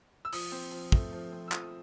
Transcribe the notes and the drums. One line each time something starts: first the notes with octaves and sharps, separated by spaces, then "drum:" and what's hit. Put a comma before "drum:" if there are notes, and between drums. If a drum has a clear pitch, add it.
E6
F3 D#6, drum: open hi-hat
C4
F3
A3, drum: kick
F3
C4
E6
F3 D#6, drum: clap